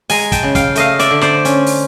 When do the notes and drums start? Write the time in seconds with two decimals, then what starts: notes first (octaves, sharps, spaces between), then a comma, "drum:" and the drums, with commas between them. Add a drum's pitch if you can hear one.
0.10 G#3 G#5 A#5, drum: open hi-hat
0.32 G5 A5, drum: kick, hi-hat
0.43 C#3
0.55 F5 G5, drum: kick, hi-hat
0.75 A3 D#5 F5, drum: hi-hat
0.99 D5 E5, drum: hi-hat
1.11 D3
1.21 C5 D5, drum: snare
1.45 C#4, drum: hi-hat
1.67 drum: open hi-hat